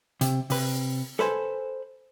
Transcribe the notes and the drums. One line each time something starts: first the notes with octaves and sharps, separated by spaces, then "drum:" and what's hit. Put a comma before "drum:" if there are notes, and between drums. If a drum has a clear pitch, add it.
C3, drum: hi-hat
C3 B4, drum: open hi-hat
A4 B4 C5 G#5, drum: snare